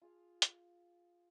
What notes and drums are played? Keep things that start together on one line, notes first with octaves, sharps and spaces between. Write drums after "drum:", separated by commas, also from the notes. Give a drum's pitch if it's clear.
F4 G#4 F5
drum: hi-hat